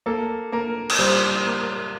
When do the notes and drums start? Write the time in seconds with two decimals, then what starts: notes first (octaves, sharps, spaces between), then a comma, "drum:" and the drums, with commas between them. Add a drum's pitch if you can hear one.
0.06 A#3 A4
0.52 A#3 A#4
0.90 drum: cymbal
0.99 G3 C5
1.46 A#3